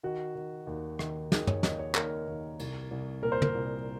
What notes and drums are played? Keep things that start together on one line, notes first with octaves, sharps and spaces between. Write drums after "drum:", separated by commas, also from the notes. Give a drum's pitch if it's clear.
D#3 F#4
D#3
D#2
D#3, drum: rim click
D#3 G#4, drum: snare
C#5, drum: tom
D#2 D#5, drum: snare
C#5
D#2 A#4, drum: clap
D#2
C2, drum: cymbal
C2
A#2 A#4
C5
A#4, drum: tom
C2